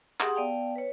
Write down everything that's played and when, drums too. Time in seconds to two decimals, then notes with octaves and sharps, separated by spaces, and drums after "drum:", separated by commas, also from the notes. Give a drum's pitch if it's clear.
0.20 G4 G#4 F#5 C6 D#6, drum: clap
0.34 B3 D5 F5 G5 A5
0.76 B4 C#5